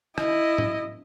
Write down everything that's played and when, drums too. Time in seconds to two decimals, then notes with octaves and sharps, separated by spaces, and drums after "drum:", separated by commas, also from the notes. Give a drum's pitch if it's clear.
0.18 E4 D#5, drum: rim click
0.58 drum: tom G#2